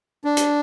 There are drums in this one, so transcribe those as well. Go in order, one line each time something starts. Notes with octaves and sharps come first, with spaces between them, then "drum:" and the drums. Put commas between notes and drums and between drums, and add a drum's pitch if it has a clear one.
D4
drum: hi-hat